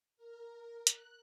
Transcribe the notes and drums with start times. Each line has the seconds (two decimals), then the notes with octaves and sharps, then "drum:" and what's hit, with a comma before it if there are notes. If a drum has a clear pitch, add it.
0.17 A#4
0.87 F#6, drum: hi-hat